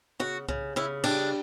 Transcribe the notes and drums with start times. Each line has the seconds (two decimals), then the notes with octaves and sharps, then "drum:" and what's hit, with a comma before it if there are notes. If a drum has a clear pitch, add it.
0.20 C#3 F#4
0.48 C#3, drum: kick C2
0.76 C#3 E4
1.04 G3 D4, drum: cymbal